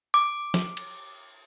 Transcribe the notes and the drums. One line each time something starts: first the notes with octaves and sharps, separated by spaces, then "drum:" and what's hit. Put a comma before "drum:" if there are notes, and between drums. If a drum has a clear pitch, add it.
D6
drum: snare
drum: cymbal